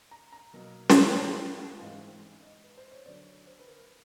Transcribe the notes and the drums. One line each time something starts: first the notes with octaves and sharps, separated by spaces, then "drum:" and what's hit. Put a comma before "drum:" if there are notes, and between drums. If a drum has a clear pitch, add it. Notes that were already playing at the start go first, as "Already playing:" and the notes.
A#5
A#5
B2 F#3 A#3
drum: snare
A5
G5
G5
F#5
G#2 E3 G#3 C4 F5
D#5
B4
C5
C#5
D3 F#3 B3 D5
C#5
C5
B4
A#4